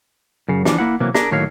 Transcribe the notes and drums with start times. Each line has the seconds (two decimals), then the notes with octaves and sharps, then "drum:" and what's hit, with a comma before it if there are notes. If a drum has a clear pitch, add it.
0.48 F#2 C#3
0.65 E3 F3 D4, drum: snare
0.78 A#3 E4 F#5
1.00 C3 E3 F#3 A#3
1.14 D4 G#4 A#4, drum: snare
1.31 A2 D#3 F#3 A#3 C#5 F5